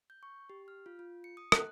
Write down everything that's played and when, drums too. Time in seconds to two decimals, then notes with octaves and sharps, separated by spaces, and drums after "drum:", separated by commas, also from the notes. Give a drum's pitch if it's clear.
0.10 G6
0.23 C#6
0.50 G4
0.68 F6
0.86 F4
0.99 F4
1.24 C#7
1.37 D#6
1.52 F#6, drum: rim click